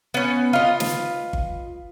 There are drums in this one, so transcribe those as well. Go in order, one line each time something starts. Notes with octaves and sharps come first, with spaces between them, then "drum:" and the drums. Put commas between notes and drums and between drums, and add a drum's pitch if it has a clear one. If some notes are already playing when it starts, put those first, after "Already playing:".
B3 C#4
F4 B4 D#5
drum: snare
drum: kick G1